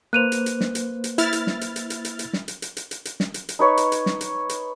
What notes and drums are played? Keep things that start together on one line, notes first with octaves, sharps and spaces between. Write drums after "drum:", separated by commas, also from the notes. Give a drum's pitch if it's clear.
A#3 B4 C5 F#6 D#7 F7
drum: hi-hat
drum: hi-hat
drum: snare
drum: hi-hat
drum: hi-hat
E4 F6 A6, drum: hi-hat
drum: hi-hat
drum: snare
drum: hi-hat
drum: hi-hat
drum: hi-hat
drum: hi-hat
drum: hi-hat
drum: snare
drum: hi-hat
drum: hi-hat
drum: hi-hat
drum: hi-hat
drum: hi-hat
drum: snare
drum: hi-hat
drum: hi-hat
D#4 B4 C#5 C#6
drum: hi-hat
drum: hi-hat
drum: snare
drum: hi-hat
drum: hi-hat